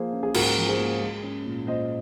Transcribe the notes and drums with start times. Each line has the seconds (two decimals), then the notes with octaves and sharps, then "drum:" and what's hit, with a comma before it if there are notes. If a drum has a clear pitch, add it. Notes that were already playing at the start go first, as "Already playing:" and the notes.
Already playing: F3 A#3 G#4 C5
0.13 C#4
0.23 G#4
0.34 G#2 F#4 A#4, drum: cymbal
0.57 F3
0.68 G#4 C5
0.78 A#3
1.01 G#3
1.23 C#4
1.46 A#2
1.67 A#2 C5 D#5